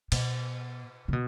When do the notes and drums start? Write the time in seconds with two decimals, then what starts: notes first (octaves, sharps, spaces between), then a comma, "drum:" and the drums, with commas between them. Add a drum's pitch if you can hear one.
0.12 B2, drum: cymbal
1.08 C#3
1.13 B2